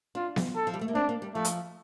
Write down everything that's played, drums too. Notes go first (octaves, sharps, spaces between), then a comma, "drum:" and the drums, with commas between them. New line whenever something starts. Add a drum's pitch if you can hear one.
D4 F4
drum: snare B3
A4
F3
G3
A3
A#3
C4 D4
A#3
G3
F3 A3
drum: hi-hat